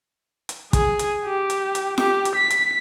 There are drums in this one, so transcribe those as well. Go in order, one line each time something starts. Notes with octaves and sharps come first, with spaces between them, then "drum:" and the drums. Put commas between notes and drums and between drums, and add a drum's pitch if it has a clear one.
drum: hi-hat
G#4, drum: kick, hi-hat
drum: hi-hat
G4
drum: hi-hat
drum: hi-hat
G4, drum: snare F4
drum: hi-hat
B6
drum: hi-hat